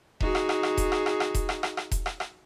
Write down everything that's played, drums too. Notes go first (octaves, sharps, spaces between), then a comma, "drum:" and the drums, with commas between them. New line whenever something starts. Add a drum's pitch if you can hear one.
D#4 F#4 G#4, drum: kick E1
drum: rim click
drum: rim click
drum: rim click
drum: kick E1, hi-hat
drum: rim click
drum: rim click
drum: rim click
drum: kick E1, hi-hat
drum: rim click
drum: rim click
drum: rim click
drum: kick E1, hi-hat
drum: rim click
drum: rim click